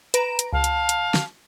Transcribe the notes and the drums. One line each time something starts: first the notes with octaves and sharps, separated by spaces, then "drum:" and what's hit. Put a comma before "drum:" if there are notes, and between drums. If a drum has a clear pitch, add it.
B4 A#5 D7 E7, drum: hi-hat
drum: hi-hat
C#2 F5 A5
drum: hi-hat
drum: hi-hat
drum: snare